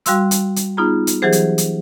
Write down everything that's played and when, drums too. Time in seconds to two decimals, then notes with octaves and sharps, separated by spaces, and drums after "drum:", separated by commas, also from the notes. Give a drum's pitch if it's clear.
0.06 G3 F#4 F5 C6 E6, drum: hi-hat
0.31 drum: hi-hat
0.56 drum: hi-hat
0.77 B3 D#4 F4 G#4 A#5
1.07 drum: hi-hat
1.22 E3 F#3 G4 G#4 C5
1.32 drum: hi-hat
1.58 drum: hi-hat